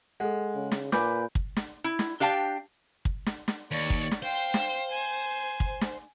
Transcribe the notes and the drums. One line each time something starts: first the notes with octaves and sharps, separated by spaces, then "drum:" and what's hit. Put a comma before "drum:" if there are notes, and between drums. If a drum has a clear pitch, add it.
G#3 A4 F#5
C#3
drum: snare
A#2 B4 G#5 B5 D6 G6, drum: snare
drum: kick
drum: snare
E4
drum: snare
D4 G4 F5 G5 A5
drum: kick
drum: snare
drum: snare
D#2 C#5 D5
drum: kick
drum: snare
C5 F5 G5
drum: snare
G#5
drum: kick
drum: snare